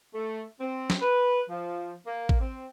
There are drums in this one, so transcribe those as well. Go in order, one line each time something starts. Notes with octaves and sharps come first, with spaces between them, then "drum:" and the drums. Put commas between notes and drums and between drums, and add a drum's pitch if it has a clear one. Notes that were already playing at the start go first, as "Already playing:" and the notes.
A3
C4
drum: snare
B4
F3
A#3
drum: kick
C4